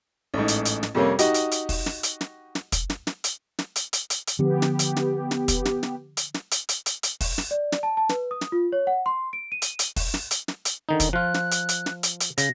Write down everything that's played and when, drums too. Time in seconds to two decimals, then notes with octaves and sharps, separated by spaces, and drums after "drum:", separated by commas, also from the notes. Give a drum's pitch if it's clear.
0.34 A1 G#2
0.48 drum: hi-hat
0.65 drum: hi-hat
0.83 drum: snare
0.95 F2 C3 G3 A#3 C#4
1.19 D#4 F#4 G4 D#5, drum: hi-hat
1.34 drum: hi-hat
1.52 drum: hi-hat
1.69 drum: kick, open hi-hat
1.86 drum: snare
2.03 drum: hi-hat
2.21 drum: snare
2.55 drum: snare
2.72 drum: kick, hi-hat
2.90 drum: snare
3.07 drum: snare
3.24 drum: hi-hat
3.59 drum: snare
3.76 drum: hi-hat
3.93 drum: hi-hat
4.10 drum: hi-hat
4.27 drum: hi-hat
4.39 D3 F3 B3 G4
4.62 drum: snare
4.79 drum: hi-hat
4.96 drum: snare
5.31 drum: snare
5.48 drum: kick, hi-hat
5.65 drum: snare
5.83 drum: snare
6.17 drum: hi-hat
6.34 drum: snare
6.52 drum: hi-hat
6.69 drum: hi-hat
6.86 drum: hi-hat
7.03 drum: hi-hat
7.21 drum: kick, open hi-hat
7.38 drum: snare
7.51 D5
7.72 drum: snare
7.83 A5
7.97 A5
8.09 B4, drum: snare
8.31 D#6
8.41 drum: snare
8.52 F4
8.72 C#5
8.87 F#5
9.06 C6
9.33 D7
9.52 D#7
9.62 drum: hi-hat
9.79 drum: hi-hat
9.96 drum: kick, open hi-hat
10.14 drum: snare
10.31 drum: hi-hat
10.48 drum: snare
10.65 drum: hi-hat
10.89 D3 D#3 D#4
11.00 drum: kick, hi-hat
11.13 F3 F4 F#6
11.34 drum: snare
11.52 drum: hi-hat
11.69 drum: hi-hat
11.86 drum: snare
12.03 drum: hi-hat
12.20 drum: hi-hat
12.38 C#3 A#6, drum: hi-hat